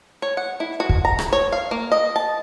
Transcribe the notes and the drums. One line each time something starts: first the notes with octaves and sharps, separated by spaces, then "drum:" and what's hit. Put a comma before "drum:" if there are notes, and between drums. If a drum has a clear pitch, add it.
C#5
F#5
E4
F#4
drum: kick
A#5
drum: rim click
C#5
F5
A#3
D#5
A5